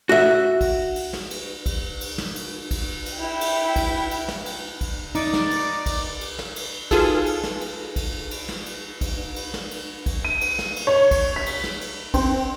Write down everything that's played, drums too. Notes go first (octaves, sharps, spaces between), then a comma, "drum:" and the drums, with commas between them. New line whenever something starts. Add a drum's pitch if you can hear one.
F#4 E5
drum: kick, cymbal
drum: cymbal
drum: snare
drum: cymbal
drum: kick, cymbal
drum: cymbal
drum: snare
drum: cymbal
drum: kick, cymbal
drum: cymbal
E4 G5
drum: cymbal
drum: kick, cymbal
drum: cymbal
drum: snare
drum: cymbal
drum: kick, cymbal
D#4 D5, drum: cymbal
drum: snare
drum: cymbal
drum: kick, cymbal
drum: cymbal
drum: snare
drum: cymbal
D#4 F4 F#4 G#4 A4 B4, drum: kick, cymbal
drum: cymbal
drum: snare
drum: cymbal
drum: kick, cymbal
drum: cymbal
drum: snare
drum: cymbal
drum: kick, cymbal
drum: cymbal
drum: snare
drum: cymbal
drum: kick, cymbal
D#7
drum: cymbal
drum: snare
drum: cymbal
C#5
drum: kick, cymbal
B6
drum: cymbal
drum: snare
drum: cymbal
C4, drum: kick, cymbal